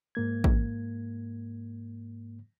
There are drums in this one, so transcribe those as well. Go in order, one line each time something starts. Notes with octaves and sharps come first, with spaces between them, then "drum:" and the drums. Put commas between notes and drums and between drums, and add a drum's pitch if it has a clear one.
G#2 A#3 G#6
drum: kick A1